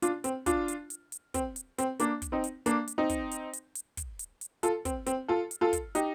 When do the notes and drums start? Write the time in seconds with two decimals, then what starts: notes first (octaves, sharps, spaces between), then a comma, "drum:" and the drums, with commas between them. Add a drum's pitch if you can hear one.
0.02 D4 F4, drum: hi-hat
0.24 C4, drum: hi-hat
0.46 D4 F4, drum: kick, hi-hat
0.68 drum: hi-hat
0.90 drum: hi-hat
1.12 drum: hi-hat
1.34 C4, drum: kick, hi-hat
1.56 drum: hi-hat
1.78 C4, drum: hi-hat
1.99 A#3 D4, drum: hi-hat
2.22 drum: kick, hi-hat
2.32 C4 D#4
2.44 drum: hi-hat
2.66 A#3 D4, drum: hi-hat
2.88 drum: hi-hat
2.98 C4 D#4
3.09 drum: kick, hi-hat
3.31 drum: hi-hat
3.53 drum: hi-hat
3.75 drum: hi-hat
3.97 drum: kick, hi-hat
4.19 drum: hi-hat
4.41 drum: hi-hat
4.63 F4 A4, drum: hi-hat
4.85 C4, drum: kick, hi-hat
5.06 C4, drum: hi-hat
5.28 F4 A4
5.51 drum: hi-hat
5.61 F4 A4
5.73 drum: kick, hi-hat
5.95 D#4 G4, drum: hi-hat